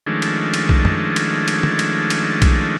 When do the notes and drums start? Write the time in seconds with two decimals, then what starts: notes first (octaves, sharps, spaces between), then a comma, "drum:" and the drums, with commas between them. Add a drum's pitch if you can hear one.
0.07 D#3 F3 G#3 A3 C#4 D4
0.22 drum: cymbal
0.54 drum: cymbal
0.69 drum: kick B1
0.85 drum: tom
1.16 drum: cymbal
1.48 drum: cymbal
1.63 drum: tom
1.79 drum: cymbal
2.10 drum: cymbal
2.42 drum: kick B1, cymbal